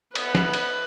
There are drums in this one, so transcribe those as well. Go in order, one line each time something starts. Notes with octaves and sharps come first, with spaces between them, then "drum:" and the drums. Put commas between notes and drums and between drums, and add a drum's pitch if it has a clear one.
B3 B4, drum: cymbal
drum: snare
drum: cymbal